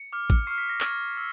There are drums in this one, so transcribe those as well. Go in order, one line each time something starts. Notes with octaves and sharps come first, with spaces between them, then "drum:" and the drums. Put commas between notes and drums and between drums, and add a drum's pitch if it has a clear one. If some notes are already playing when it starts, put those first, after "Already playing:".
Already playing: C#7
D6 F6
drum: kick
C#6 F6 C7
B6
A#6
C#6 F6 G#6, drum: clap
C#6 E6